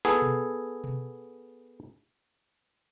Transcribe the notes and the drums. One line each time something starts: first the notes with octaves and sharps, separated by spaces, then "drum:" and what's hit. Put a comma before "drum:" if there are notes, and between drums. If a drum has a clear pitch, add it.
B3 G#4 A4, drum: snare
drum: tom B2
drum: tom B2